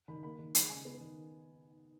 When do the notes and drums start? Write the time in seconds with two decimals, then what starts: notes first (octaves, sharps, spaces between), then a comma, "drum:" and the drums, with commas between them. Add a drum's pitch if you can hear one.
0.08 D#3 B5
0.23 A#3 B5
0.38 D#3
0.55 G#3 B5, drum: hi-hat
0.69 C#3 G#5
0.85 B3
1.00 D#3